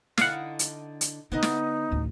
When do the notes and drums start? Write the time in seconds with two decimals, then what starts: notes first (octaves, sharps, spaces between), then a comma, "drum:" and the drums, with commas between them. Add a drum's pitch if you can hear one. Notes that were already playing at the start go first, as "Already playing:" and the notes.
0.18 D3 D#4 E4 F5 F#5, drum: snare
0.59 drum: hi-hat
1.01 drum: hi-hat
1.32 D3 B3 D#4 B4 D#5
1.42 drum: snare
1.91 A1 D2